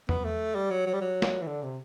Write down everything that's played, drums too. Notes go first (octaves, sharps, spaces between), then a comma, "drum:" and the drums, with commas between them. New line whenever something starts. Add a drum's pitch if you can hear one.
B3, drum: tom E2
A3
G3
F#3
F#3
G3
F#3
drum: snare
E3
D3
C3